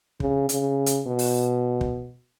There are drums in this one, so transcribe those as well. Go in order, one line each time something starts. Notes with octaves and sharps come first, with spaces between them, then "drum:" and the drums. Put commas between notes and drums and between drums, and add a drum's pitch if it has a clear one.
C#3, drum: kick
C#3, drum: hi-hat
drum: hi-hat
B2
drum: open hi-hat
drum: kick